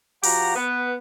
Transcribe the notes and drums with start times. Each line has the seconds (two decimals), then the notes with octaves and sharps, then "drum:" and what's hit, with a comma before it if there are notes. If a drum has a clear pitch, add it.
0.23 F3 F#4 G4 F#5 A#5, drum: open hi-hat
0.56 B3 B4